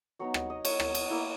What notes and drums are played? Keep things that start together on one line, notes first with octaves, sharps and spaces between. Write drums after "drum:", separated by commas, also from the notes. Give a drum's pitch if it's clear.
F#3 B3 D#4 C#5
D#5, drum: rim click
D#5
C#5, drum: cymbal
drum: rim click
drum: cymbal
A#3 E4